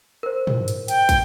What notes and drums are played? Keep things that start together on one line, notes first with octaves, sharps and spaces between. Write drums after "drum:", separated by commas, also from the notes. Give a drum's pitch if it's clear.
A#4 C5
drum: tom
drum: hi-hat
G5, drum: hi-hat
drum: kick, hi-hat